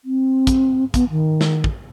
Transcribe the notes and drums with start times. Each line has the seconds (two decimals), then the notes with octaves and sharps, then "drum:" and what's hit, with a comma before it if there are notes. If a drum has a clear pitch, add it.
0.05 C4
0.47 drum: kick, hi-hat
0.94 B3, drum: kick, hi-hat
1.10 D#3
1.41 drum: snare
1.64 drum: kick